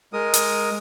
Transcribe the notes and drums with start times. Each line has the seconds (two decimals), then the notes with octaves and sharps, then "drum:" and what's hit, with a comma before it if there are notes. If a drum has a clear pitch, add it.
0.13 G#3 A#4 D#6
0.34 drum: hi-hat